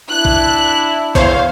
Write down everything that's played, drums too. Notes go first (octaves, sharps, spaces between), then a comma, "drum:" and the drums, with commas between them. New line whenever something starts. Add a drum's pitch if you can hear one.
D4 E4 F#6
drum: kick
E2 C5 C#5 F5, drum: kick